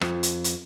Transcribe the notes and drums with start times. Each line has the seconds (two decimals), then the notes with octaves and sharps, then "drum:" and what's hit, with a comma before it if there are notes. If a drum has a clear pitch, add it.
0.01 F2, drum: rim click
0.23 drum: hi-hat
0.44 drum: hi-hat